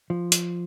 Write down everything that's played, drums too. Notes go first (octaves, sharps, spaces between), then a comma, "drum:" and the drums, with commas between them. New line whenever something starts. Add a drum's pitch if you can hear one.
F3
drum: hi-hat